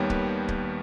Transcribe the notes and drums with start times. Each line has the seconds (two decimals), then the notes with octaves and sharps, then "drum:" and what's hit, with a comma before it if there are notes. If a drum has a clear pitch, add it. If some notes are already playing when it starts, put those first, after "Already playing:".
Already playing: D#2 D#3 G3 B3 C#5
0.10 B4, drum: kick C#1
0.48 drum: kick C#1